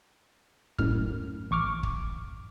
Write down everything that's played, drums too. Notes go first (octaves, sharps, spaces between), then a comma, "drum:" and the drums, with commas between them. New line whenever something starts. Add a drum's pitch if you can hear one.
F#2 A2 F6, drum: kick
A1 C#6 D6 F6
drum: kick